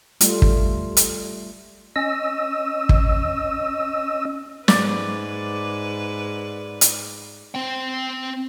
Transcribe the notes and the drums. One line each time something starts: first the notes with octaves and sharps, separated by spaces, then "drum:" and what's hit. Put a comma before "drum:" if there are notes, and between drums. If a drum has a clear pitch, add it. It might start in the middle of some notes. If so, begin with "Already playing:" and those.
G3 A3 F4, drum: hi-hat
drum: kick
drum: hi-hat
C#4 D#5 E6
drum: kick
G#2 B4 D5, drum: snare
drum: hi-hat
C4 G5